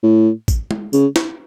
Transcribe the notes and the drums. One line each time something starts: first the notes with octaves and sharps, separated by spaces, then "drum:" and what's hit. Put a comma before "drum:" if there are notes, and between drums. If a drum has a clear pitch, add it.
A2
drum: kick, tambourine
drum: tom G#3
C#3, drum: tambourine
drum: snare